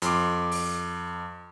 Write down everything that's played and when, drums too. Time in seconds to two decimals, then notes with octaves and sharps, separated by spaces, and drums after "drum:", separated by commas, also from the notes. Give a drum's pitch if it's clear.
0.02 F2 C6 D6, drum: hi-hat
0.52 drum: open hi-hat